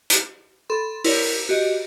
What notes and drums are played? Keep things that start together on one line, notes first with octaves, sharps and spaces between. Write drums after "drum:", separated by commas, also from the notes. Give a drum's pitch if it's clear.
drum: hi-hat
A4 B5 C6
E4 A#4 C#5 D5, drum: open hi-hat
F#4 G4 D#5